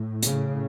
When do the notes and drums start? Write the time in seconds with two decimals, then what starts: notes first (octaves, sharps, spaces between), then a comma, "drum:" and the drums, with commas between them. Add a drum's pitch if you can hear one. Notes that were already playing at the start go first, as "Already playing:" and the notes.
Already playing: A2
0.22 C#3, drum: hi-hat